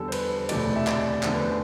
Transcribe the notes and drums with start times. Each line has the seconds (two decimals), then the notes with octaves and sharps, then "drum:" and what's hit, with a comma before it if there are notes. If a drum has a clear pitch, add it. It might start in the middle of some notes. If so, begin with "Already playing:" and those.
Already playing: E2 D3 G3 A4
0.08 C5
0.12 B4, drum: cymbal
0.49 E1 D2 C3 E3 A3 D5, drum: cymbal
0.76 E5
0.87 D5, drum: clap
1.23 E2 D3 A3 C5, drum: clap
1.33 B4
1.42 C5